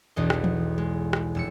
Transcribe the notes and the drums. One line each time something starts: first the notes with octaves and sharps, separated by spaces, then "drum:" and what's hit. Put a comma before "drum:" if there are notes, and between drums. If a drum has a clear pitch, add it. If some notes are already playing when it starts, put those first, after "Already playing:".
E1 B1 E2 D#5
drum: rim click
drum: tom E3
G#3
drum: rim click
F1 E6 C#7